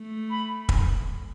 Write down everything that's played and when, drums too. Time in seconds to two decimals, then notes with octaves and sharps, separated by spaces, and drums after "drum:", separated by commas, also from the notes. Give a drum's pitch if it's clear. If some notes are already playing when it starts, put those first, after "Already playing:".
Already playing: A3
0.30 B5
0.69 drum: kick